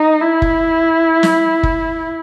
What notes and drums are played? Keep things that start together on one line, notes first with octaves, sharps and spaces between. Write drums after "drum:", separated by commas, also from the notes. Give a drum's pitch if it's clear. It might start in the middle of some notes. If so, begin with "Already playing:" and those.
Already playing: D#4
E4
drum: kick F#1
drum: snare
drum: kick F#1